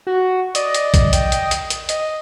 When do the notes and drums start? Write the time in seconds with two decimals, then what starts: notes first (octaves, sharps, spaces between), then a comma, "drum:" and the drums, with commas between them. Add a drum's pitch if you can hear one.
0.07 F#4
0.55 D5 D#5, drum: hi-hat
0.74 drum: hi-hat
0.94 drum: kick A#1, hi-hat
1.13 G5, drum: hi-hat
1.32 drum: hi-hat
1.51 drum: hi-hat
1.70 drum: hi-hat
1.89 D#5, drum: hi-hat